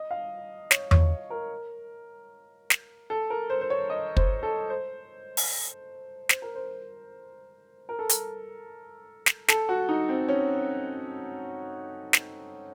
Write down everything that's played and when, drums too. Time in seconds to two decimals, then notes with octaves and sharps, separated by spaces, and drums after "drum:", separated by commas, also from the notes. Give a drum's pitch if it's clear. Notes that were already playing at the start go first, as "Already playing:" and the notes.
Already playing: D#5
0.11 F5
0.71 C#5, drum: snare
0.91 C#5, drum: tom E2
1.30 A#4
2.70 drum: snare
3.10 A4
3.30 A#4
3.50 C5
3.61 C5
3.70 C#5
3.90 D#5
4.17 C5, drum: kick
4.43 A4
4.70 C5
5.37 drum: open hi-hat
6.29 C5, drum: snare
6.42 A#4
6.55 C5
7.89 A#4
7.99 A4
8.09 A#4, drum: hi-hat
9.26 drum: snare
9.48 A4, drum: snare
9.69 F#4
9.89 D#4
10.09 C4
10.28 C#4
12.13 drum: snare